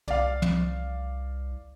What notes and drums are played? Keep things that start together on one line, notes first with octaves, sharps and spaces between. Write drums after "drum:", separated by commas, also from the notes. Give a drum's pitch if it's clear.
C2 D5 F5, drum: tom
drum: tom